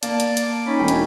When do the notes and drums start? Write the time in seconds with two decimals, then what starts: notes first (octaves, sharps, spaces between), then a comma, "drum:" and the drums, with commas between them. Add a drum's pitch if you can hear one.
0.03 A#3 D5 A5, drum: hi-hat
0.20 drum: hi-hat
0.37 drum: hi-hat
0.46 D6
0.66 C#4 D#4 B5
0.79 E1 G5
0.88 drum: hi-hat